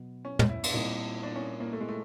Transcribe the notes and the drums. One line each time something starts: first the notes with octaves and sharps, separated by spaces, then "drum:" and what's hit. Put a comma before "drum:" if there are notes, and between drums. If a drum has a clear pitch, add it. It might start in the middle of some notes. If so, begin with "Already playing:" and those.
Already playing: B2 F#3 B3
C#4
drum: tom
E4
D4, drum: cymbal
A#2 G3 C4 D#4 E4
D4
C#4
A#3
A3
G#3
A3